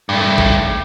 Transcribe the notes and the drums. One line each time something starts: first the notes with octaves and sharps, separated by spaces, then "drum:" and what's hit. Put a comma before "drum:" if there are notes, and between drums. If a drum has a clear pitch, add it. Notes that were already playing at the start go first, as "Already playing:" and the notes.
G2 A3
drum: kick A1